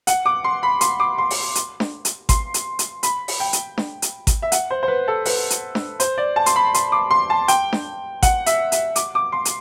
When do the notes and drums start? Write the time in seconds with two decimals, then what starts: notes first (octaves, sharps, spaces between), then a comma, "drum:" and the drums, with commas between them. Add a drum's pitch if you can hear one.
0.07 F#5, drum: hi-hat
0.26 D6
0.44 C6
0.63 B5
0.81 C6, drum: hi-hat
1.00 D6
1.18 C6
1.31 drum: open hi-hat
1.55 drum: hi-hat
1.80 drum: snare D4
2.05 drum: hi-hat
2.29 C6, drum: kick G#1, hi-hat
2.54 drum: hi-hat
2.79 drum: hi-hat
3.03 B5, drum: hi-hat
3.28 drum: open hi-hat
3.40 G5
3.53 drum: hi-hat
3.78 drum: snare D4
4.02 drum: hi-hat
4.27 drum: kick G#1, hi-hat
4.42 E5
4.52 F#5, drum: hi-hat
4.71 C5
4.83 C5
4.88 B4
5.08 A4
5.26 B4, drum: open hi-hat
5.50 drum: hi-hat
5.75 drum: snare D4
6.00 C5, drum: hi-hat
6.18 D5
6.36 A5
6.46 C6, drum: hi-hat
6.56 B5
6.74 C6, drum: hi-hat
6.92 D6
7.11 C6
7.30 A5
7.48 G5, drum: hi-hat
7.73 drum: snare D4
8.22 F#5, drum: kick G#1, hi-hat
8.46 E5, drum: hi-hat
8.72 E5, drum: hi-hat
8.96 D6, drum: hi-hat
9.15 D6
9.32 C6
9.45 drum: hi-hat